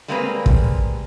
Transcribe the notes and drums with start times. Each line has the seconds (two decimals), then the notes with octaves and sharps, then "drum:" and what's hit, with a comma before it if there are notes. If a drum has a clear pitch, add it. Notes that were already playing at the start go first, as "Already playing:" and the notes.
0.08 G3 G#3 A#3 C4 G#4 B4
0.46 drum: kick